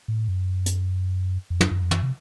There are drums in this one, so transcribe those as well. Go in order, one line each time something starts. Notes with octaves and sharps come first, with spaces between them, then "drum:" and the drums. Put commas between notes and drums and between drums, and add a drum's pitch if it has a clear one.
A2
F#2
drum: hi-hat
F2
F#2, drum: tom
F#2
F2
F#2, drum: tom
C3